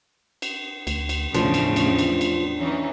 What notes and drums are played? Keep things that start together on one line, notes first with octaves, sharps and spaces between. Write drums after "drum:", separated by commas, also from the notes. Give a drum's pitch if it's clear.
drum: cymbal
D2, drum: cymbal
drum: cymbal
E2 A2 C#3 F3 D4, drum: cymbal
drum: cymbal
drum: cymbal
drum: cymbal
drum: cymbal
E3 C#4 D#4